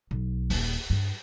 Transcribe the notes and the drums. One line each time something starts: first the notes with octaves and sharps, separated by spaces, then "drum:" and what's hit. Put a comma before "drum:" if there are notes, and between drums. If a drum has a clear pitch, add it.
B1
D#1, drum: open hi-hat
G2